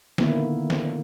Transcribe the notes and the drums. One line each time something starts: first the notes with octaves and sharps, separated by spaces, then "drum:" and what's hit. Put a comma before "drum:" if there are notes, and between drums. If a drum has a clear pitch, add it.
D3 D#3 A#3 B3 E4, drum: snare
drum: snare